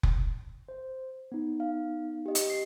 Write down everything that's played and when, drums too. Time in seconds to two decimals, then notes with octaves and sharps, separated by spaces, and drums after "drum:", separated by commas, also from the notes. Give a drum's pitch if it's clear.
0.03 drum: kick F1
0.69 C5
1.32 B3 D#4
1.60 F5
2.26 G4 D#5
2.35 drum: hi-hat
2.50 C7